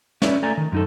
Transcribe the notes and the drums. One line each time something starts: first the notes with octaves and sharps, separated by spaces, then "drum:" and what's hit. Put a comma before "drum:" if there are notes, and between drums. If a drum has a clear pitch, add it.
C#4 B4 C#5 D5 E5, drum: snare
A3 D5 G#5 A#5
D#3
F#2 D#4 A4